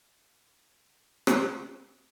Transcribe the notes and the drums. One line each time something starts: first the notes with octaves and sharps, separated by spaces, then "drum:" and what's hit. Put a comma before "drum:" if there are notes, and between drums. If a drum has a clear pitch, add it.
A#3 F#4 G4 B4
drum: rim click